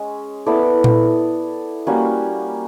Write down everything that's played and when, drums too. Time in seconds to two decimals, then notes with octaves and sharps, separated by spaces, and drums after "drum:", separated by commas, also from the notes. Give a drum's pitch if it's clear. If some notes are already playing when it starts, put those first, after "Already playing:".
Already playing: G#3 C#4
0.46 B3 E4 A4 D5
0.84 drum: tom A#2
1.87 G3 A#3 C#4 F#4